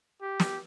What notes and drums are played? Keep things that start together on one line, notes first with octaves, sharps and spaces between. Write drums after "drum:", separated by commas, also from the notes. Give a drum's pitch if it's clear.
G4
drum: snare